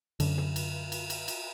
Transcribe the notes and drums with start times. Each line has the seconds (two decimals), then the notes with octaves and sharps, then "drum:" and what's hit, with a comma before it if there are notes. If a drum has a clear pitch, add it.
0.20 F#2 D3, drum: cymbal
0.38 drum: tom
0.56 drum: cymbal
0.92 drum: cymbal
1.10 drum: cymbal
1.28 drum: cymbal